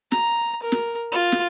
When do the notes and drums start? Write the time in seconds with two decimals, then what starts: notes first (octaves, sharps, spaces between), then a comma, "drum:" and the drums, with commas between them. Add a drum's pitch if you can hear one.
0.12 A#5, drum: snare
0.63 A#4
0.72 drum: snare
1.12 F4
1.32 drum: snare